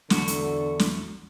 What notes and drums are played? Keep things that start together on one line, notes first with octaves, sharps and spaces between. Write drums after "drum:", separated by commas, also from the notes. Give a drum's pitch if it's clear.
E2 D3 F#4 A4, drum: snare
drum: hi-hat
drum: snare